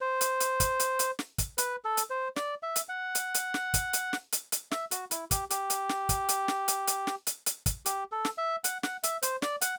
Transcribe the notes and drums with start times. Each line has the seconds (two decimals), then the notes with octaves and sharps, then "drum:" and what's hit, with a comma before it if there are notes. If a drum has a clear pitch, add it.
0.01 C5
0.21 drum: hi-hat
0.40 drum: hi-hat
0.60 drum: kick, hi-hat
0.79 drum: hi-hat
0.99 drum: hi-hat
1.19 drum: snare
1.38 drum: kick, hi-hat
1.58 B4, drum: hi-hat
1.84 A4
1.97 drum: hi-hat
2.10 C5
2.36 D5, drum: snare
2.63 E5
2.76 drum: hi-hat
2.89 F#5
3.15 drum: hi-hat
3.34 drum: hi-hat
3.54 drum: snare
3.74 drum: kick, hi-hat
3.93 drum: hi-hat
4.13 drum: snare
4.32 drum: hi-hat
4.52 drum: hi-hat
4.71 E5, drum: snare
4.91 F#4, drum: hi-hat
5.11 E4, drum: hi-hat
5.31 G4, drum: kick, hi-hat
5.50 G4, drum: hi-hat
5.70 drum: hi-hat
5.89 drum: snare
6.09 drum: kick, hi-hat
6.29 drum: hi-hat
6.48 drum: snare
6.68 drum: hi-hat
6.87 drum: hi-hat
7.07 drum: snare
7.27 drum: hi-hat
7.46 drum: hi-hat
7.66 drum: kick, hi-hat
7.86 G4, drum: hi-hat
8.12 A4
8.25 drum: snare
8.38 E5
8.64 F#5, drum: hi-hat
8.83 F#5, drum: snare
9.03 E5, drum: hi-hat
9.22 C5, drum: hi-hat
9.42 D5, drum: snare
9.61 F#5, drum: hi-hat